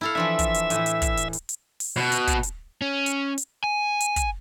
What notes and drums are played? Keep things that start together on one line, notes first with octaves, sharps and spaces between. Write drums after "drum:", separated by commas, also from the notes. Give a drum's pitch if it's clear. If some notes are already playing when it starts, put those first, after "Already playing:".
E4 A4 F5
E3 F3 D4 E5
drum: kick, hi-hat
drum: hi-hat
A2 E3, drum: hi-hat
drum: hi-hat
drum: kick, hi-hat
drum: hi-hat
drum: hi-hat
drum: hi-hat
drum: open hi-hat
B2
drum: hi-hat
drum: kick, hi-hat
drum: hi-hat
C#4
drum: hi-hat
drum: hi-hat
G#5
drum: hi-hat
drum: kick, hi-hat